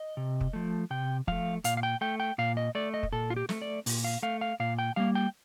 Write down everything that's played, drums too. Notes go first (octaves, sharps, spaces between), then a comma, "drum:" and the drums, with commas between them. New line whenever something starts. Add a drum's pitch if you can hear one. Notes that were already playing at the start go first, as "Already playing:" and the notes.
Already playing: D#5
C3
drum: kick
F3 A3
C3 G5
F3 A3 F5, drum: kick
A#2 F5, drum: hi-hat
F5
G5
A3 G5
G5
A#2 F5
D#5
A3 D5
D#5
drum: kick
A#2 A4
F4
G4
A3, drum: snare
D5
A#2, drum: open hi-hat
F5
A3 F5
F5
A#2 F5
G5
G3 A#3 F5
G5